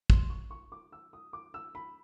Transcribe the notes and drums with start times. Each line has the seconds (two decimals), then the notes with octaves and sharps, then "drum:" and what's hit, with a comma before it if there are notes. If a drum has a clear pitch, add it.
0.10 C6, drum: kick
0.30 C#6
0.51 C#6
0.72 D6
0.92 E6
1.13 D#6
1.33 D6
1.54 E6
1.75 B5